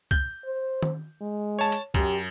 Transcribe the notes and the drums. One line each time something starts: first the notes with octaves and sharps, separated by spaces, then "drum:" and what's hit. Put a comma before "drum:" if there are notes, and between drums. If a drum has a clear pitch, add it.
G6, drum: kick C2
C5
drum: tom D#3
G#3
C#5 A5
drum: hi-hat
F#2 G4, drum: kick C2